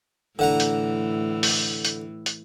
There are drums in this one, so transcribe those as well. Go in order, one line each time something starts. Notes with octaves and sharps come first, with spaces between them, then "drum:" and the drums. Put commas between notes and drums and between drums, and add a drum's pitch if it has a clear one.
A2 D3 E3 F#5 A#5
drum: hi-hat
drum: open hi-hat
drum: hi-hat
drum: hi-hat